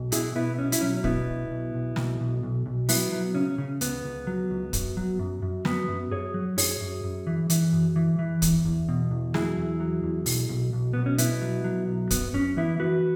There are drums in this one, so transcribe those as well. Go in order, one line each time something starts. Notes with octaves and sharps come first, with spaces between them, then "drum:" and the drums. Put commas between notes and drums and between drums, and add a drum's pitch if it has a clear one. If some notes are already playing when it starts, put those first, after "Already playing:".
Already playing: B1
B2 E4 G#4, drum: hi-hat
B2 B3 E4
B1 C#4
E4, drum: hi-hat
F#3 C#4
C#4
B2 B3 E4, drum: kick
B1
B1
B1
B1, drum: snare
B1
B1
B1
F#3 B3 E4, drum: open hi-hat
F#3
C#3 C#4
C#3
C#2 B3, drum: hi-hat
C#2
F#3
C#2
F#2, drum: kick, hi-hat
F#3
F#2
F#2
F#3 B3, drum: snare
F#2
F#2 G#4 C#5
F#3
F#2 G#4 C#5, drum: open hi-hat
F#2
F#2
E3
E3, drum: hi-hat
F#2
E3
E3
E2, drum: kick, hi-hat
E2
B2
E2
F#3 E4 G#4, drum: snare
E2
F#3
E2
B1, drum: open hi-hat
B1
B1
B1 B3
C#4
B2 B3 E4, drum: hi-hat
F#3
F#3
B1
F#2 B3, drum: kick, hi-hat
F#2 C#4
E3 B3 E4
E3 F#4 B4